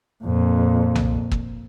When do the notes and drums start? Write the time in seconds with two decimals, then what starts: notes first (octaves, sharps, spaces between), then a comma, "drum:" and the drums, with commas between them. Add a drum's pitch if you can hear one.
0.23 F2 A#2
0.95 drum: tom B1
1.31 drum: kick